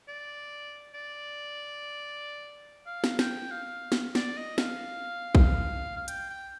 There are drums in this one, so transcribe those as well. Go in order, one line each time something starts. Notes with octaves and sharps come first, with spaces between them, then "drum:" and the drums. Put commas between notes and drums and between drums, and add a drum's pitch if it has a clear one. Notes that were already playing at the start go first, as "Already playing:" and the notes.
D5
D5
F5
drum: snare
G5, drum: snare
F5
drum: snare
D5, drum: snare
D#5
F5, drum: snare
drum: kick
F5
G5, drum: hi-hat
G5